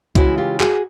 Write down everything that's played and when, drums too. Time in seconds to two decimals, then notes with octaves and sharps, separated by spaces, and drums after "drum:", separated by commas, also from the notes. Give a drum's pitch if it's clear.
0.15 C#3 E3 G#3 C#4 E4 F#4, drum: kick C2, hi-hat
0.38 F4 G4
0.60 F#4 G#4, drum: clap